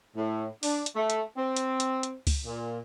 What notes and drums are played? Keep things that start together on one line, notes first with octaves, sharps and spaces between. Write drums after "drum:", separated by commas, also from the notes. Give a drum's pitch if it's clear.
A2
D4, drum: open hi-hat
drum: hi-hat
A3
drum: hi-hat
C4
drum: hi-hat
drum: hi-hat
drum: hi-hat
drum: kick C#2, open hi-hat
A#2